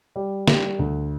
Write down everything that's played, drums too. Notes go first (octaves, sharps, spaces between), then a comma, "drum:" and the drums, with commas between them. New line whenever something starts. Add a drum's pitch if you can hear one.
G3
G3, drum: snare
D2